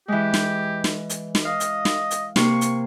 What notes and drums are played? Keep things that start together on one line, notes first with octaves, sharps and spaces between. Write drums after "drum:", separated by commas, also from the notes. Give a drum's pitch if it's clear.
E3 G#3 G4
drum: snare
drum: snare
drum: hi-hat
drum: snare
D#5 F5
drum: hi-hat
drum: snare
drum: hi-hat
C3 A#3 C#6, drum: snare
drum: hi-hat